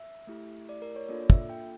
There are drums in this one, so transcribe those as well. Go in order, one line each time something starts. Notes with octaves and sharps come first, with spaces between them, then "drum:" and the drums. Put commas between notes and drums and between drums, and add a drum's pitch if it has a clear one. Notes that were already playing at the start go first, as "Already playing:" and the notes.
Already playing: E5
A3 E4 G4
D5
A#4
C#5
A#3 D4 F4 A4 D5
E5, drum: kick
G5